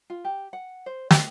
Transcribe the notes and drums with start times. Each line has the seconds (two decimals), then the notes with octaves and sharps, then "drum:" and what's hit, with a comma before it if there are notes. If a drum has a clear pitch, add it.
0.10 F4
0.25 G4
0.53 F#5
0.86 C5
1.11 G4, drum: snare